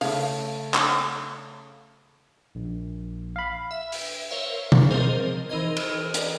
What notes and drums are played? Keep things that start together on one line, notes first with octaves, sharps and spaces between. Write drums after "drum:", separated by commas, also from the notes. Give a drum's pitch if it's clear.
C#3 A3 E4 F5, drum: open hi-hat
drum: clap
A#1
F5 B5
E5
drum: open hi-hat
A#4 C5 C#5 E5 F5
A6, drum: tom
F3 C4 G#4 A#4 C5 D#5
E3 D#4 A#4 C5 D#5 G#6
drum: cymbal
A#4 B4 D5 D#5, drum: hi-hat